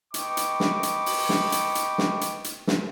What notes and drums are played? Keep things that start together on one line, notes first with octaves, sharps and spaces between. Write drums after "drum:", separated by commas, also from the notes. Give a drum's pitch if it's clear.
B4 D#5 G5 B5 C#6 D6, drum: hi-hat
drum: hi-hat
drum: snare
drum: hi-hat
drum: open hi-hat
drum: snare
drum: hi-hat
drum: hi-hat
drum: snare
drum: hi-hat
drum: hi-hat
drum: snare